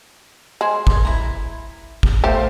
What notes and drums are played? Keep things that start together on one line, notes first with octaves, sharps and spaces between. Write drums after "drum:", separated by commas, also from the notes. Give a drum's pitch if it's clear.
G#3 C5 G#5
drum: kick
E4 A#5
drum: kick
A3 G4 C5 F5